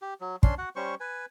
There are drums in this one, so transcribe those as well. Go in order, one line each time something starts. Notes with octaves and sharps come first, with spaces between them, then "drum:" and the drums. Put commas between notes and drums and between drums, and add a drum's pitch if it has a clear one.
G4
F#3
C#4 D4 C6, drum: kick
F#4 F#5
G3 C#4 C5 C#6
B4 G#5